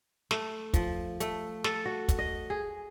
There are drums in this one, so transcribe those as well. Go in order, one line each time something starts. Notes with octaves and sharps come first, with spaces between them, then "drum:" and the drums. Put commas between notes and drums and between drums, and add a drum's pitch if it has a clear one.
A3, drum: snare
F3, drum: kick, hi-hat
A3, drum: hi-hat
A4, drum: snare
F#4
drum: kick, hi-hat
D#5
G#4